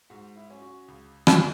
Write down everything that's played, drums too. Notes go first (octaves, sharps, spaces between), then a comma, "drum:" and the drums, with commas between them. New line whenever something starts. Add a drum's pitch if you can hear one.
G#2 F#4
E4
F#3 C#4
F#4
C#2
C3 E3 C4, drum: rim click